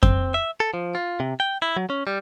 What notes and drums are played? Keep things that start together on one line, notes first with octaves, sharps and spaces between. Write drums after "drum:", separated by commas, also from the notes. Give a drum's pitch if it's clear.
C4, drum: kick F2
E5
A4
F3
F4
C3
G5
E4
F#3
C#4
G3